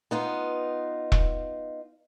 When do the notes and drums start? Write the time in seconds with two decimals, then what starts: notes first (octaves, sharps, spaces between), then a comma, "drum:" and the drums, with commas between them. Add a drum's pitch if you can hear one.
0.11 B3 D#4 F4
1.12 drum: kick E1